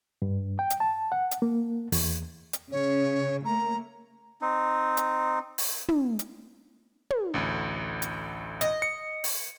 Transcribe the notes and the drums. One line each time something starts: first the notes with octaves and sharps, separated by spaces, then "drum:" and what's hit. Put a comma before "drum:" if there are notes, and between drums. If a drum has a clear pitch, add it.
G2
G5
drum: hi-hat
A5
F#5
drum: hi-hat
A#3
E2, drum: open hi-hat
drum: hi-hat
C#3 C#5
A3 A#3 A#5
C4 D#4
drum: hi-hat
drum: open hi-hat
drum: tom
drum: hi-hat
drum: tom
A1 D2
drum: hi-hat
D#5, drum: hi-hat
C#7
drum: open hi-hat